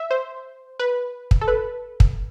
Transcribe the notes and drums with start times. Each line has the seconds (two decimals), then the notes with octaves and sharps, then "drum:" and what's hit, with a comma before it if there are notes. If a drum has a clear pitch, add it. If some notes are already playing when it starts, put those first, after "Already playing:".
Already playing: E5
0.11 C5
0.79 B4
1.31 drum: kick
1.41 A4
1.48 B4
2.00 drum: kick